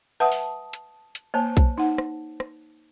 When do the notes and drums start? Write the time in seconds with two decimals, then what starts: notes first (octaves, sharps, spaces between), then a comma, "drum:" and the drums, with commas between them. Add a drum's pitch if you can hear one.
0.20 B4 E5 F#5 A5 D#6
0.32 drum: open hi-hat
0.73 drum: hi-hat
1.15 drum: hi-hat
1.34 A#3 C5 C#5 A5
1.57 drum: kick B1, hi-hat
1.78 D#4 F#5
1.98 drum: rim click
2.40 drum: rim click